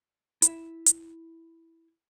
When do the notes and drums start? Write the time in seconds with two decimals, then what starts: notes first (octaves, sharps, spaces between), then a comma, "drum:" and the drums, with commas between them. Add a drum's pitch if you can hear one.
0.42 E4 E5, drum: hi-hat
0.86 drum: hi-hat